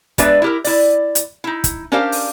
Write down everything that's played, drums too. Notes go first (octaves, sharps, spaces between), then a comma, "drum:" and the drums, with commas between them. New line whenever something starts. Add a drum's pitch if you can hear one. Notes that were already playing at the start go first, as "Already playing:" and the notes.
G#3 B3 D4 B4 D5 E5, drum: kick, hi-hat
E4 G4 A#4
E4 D5, drum: open hi-hat
drum: hi-hat
D#4 E4
drum: kick, hi-hat
C#4 D4 G4 A#4 C5 F5
drum: open hi-hat